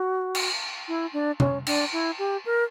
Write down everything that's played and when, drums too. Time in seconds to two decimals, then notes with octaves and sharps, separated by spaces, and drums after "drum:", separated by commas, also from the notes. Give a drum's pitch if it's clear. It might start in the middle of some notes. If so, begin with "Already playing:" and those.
Already playing: F#4
0.35 drum: cymbal
0.88 E4
1.13 D4
1.40 C#4, drum: tom
1.67 D4, drum: cymbal
1.93 E4
2.19 G4
2.46 A#4